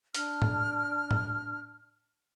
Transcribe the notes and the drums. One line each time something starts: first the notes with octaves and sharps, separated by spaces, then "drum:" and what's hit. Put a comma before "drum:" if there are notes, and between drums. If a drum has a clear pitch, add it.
D4 F6, drum: hi-hat
drum: tom A2
drum: tom A2